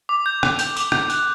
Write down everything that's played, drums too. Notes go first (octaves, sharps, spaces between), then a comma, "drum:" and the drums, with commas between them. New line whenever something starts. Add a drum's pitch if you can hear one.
D6
G6
D6, drum: rim click
G6, drum: tambourine
D6, drum: tambourine
D6 G6, drum: rim click
F#6, drum: tambourine